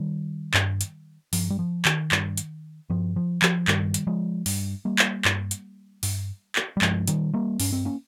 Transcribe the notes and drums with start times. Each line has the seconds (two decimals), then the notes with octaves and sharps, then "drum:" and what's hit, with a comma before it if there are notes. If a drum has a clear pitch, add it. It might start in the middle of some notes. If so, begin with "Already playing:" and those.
Already playing: D#3 G3
0.54 G2, drum: clap
0.81 drum: hi-hat
1.33 G2 F3, drum: open hi-hat
1.50 G3
1.59 F3
1.85 D#3, drum: clap
2.12 G2, drum: clap
2.37 drum: hi-hat
2.90 G2 F3
3.16 F3
3.42 F3, drum: clap
3.68 G2 D#3 G3, drum: clap
3.94 drum: hi-hat
4.07 F3 G#3
4.46 G2, drum: open hi-hat
4.85 G3 A#3
4.99 drum: clap
5.25 G2, drum: clap
5.51 drum: hi-hat
6.03 G2, drum: open hi-hat
6.56 drum: clap
6.77 G3
6.82 G2 F3 G#3, drum: clap
7.07 D#3 G3, drum: hi-hat
7.34 G3 A#3
7.60 G2 C#4, drum: open hi-hat
7.73 C4
7.85 A#3 C#4